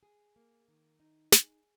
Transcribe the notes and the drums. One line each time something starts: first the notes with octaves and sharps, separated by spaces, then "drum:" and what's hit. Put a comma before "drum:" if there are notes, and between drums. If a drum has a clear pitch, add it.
G#4
A#3
D#3
D#4
G#4, drum: snare